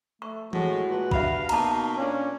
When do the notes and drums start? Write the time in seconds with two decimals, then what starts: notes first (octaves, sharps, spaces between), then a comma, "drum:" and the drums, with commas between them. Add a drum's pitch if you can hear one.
0.22 A3 C#6
0.53 A2 G#3 F#4, drum: tom E3
0.88 A#2 G#3 B4
1.11 G2 E5 F5 B5, drum: kick
1.49 B2 A#3 D#4 A5 A#5, drum: cymbal
1.97 A#2 A#3 C#4 D4